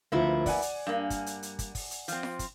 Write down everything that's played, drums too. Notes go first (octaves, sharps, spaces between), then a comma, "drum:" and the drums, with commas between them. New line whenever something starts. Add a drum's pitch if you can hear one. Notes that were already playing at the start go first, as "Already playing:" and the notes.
D2 F3 A#3 B3 E4
D5 F#5 G#5, drum: kick, open hi-hat
drum: hi-hat
G2 A#3
drum: kick, hi-hat
drum: hi-hat
drum: hi-hat
drum: kick, hi-hat
drum: kick, open hi-hat
drum: hi-hat
F3 C4, drum: hi-hat
drum: snare F4
drum: kick, hi-hat